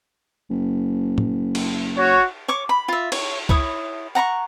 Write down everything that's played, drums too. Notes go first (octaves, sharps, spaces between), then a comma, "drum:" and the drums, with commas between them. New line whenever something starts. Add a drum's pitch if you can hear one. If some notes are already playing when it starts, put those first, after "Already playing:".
F#1
drum: tom
drum: cymbal
F#4 C#5
C#5 C#6 D6
B5
F4 E5
C#5, drum: cymbal
E4 C#5 D#6, drum: kick
F#5 A#5 B5 C#6